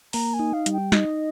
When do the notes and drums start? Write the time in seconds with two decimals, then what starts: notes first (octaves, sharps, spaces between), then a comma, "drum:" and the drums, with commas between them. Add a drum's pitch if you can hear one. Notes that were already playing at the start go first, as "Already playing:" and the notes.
0.13 A#3 A#5, drum: open hi-hat
0.34 G#5
0.39 D#4
0.53 F5
0.66 G3, drum: hi-hat
0.73 G5
0.92 D#4 D#5, drum: snare